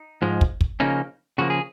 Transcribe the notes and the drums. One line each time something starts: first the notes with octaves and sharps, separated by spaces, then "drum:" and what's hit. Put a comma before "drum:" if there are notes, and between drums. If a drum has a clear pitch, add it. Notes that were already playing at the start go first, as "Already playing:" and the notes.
Already playing: D#4
G#2 F3 G#3
drum: kick
drum: kick
C#3 F3 A#3 C#4 D#4
C#3 F3 A#3 F#4
G#4